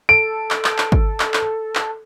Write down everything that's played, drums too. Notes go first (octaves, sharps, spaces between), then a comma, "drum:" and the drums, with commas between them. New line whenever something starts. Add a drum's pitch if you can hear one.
A4 D7
drum: clap
drum: clap
drum: clap
drum: kick G#1
drum: clap
drum: clap
drum: clap